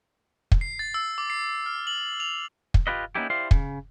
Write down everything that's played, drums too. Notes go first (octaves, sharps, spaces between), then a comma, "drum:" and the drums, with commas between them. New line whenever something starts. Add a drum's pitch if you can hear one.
drum: kick
C7
A6
E6
D6
C7
F6
F#7
F7
drum: kick
F4 G4 B4 D#5
A#3 B3 C#4 D#4 E4 G4
E4 G4 C5 D5 F5
C#3, drum: kick